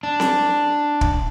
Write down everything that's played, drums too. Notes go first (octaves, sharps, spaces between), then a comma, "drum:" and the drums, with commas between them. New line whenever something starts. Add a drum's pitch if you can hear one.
D4
drum: snare C4
drum: kick